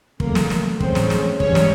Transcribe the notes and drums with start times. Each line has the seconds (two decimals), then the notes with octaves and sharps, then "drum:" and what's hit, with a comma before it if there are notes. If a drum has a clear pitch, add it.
0.20 C#3 F#3 A3 A#3 A#4, drum: kick
0.35 drum: snare
0.50 drum: snare
0.80 A2 E3 G#3 C4 C#4 C5, drum: kick
0.95 drum: snare
1.10 drum: snare
1.40 G#2 E3 G3 C#4 C#5, drum: kick
1.55 drum: snare